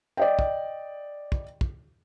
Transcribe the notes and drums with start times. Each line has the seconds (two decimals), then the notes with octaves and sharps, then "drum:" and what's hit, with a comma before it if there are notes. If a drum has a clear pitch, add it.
0.17 D5 D#5 G5
0.39 drum: kick
1.32 drum: kick
1.61 drum: kick